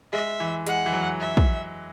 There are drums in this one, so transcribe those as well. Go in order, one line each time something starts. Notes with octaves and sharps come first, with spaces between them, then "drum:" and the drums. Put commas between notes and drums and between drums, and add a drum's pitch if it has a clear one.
G#3 E5
E3
G#3 F#5, drum: hi-hat
E3
F#3
E5
drum: kick